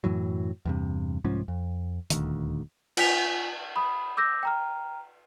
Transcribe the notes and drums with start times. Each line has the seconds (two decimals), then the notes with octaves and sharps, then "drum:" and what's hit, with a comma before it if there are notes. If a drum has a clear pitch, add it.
0.04 F#2 A2 E3 F#3
0.65 E2 G2 C3
1.24 C2 G#2 F3 C#4
1.48 F2
2.10 D#1 D2 D#3, drum: hi-hat
2.97 F4 G#5 B6 F7, drum: cymbal
3.76 B5 D#6
4.17 D6 E6 G6 A#6
4.43 G5 A#5 F6